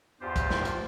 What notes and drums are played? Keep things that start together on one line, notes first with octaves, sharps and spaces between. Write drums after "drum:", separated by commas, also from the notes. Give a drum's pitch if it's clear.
E2 G2 F4 G4 C5
drum: kick, hi-hat
drum: snare
drum: hi-hat